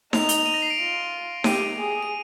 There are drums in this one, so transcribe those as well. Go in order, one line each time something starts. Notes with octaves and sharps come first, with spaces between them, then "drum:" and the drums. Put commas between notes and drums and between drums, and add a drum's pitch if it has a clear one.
D#4 F7, drum: snare D#4
G7, drum: hi-hat
F7
D#7
A#6
C7
D7
F4
G4 D#7, drum: snare D#4
G#4
D#7